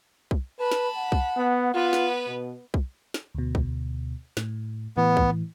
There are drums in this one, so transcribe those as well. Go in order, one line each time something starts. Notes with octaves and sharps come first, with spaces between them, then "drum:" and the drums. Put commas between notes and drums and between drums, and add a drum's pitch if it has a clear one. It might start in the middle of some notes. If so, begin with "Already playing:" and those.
drum: kick B1
B4 A5 B5
drum: snare
F#5
drum: kick B1
B3
B3 F4 B4
drum: snare
B2
drum: kick B1
drum: snare
D2 B2
drum: kick B1
A2, drum: snare
A2 E3 B3
drum: kick B1